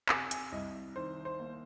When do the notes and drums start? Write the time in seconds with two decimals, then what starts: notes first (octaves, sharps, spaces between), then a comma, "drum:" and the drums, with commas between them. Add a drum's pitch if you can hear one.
0.09 C3 G#5, drum: clap
0.31 G#5, drum: hi-hat
0.52 C2 D#5
0.96 D#3 C5
1.25 C5
1.40 A#3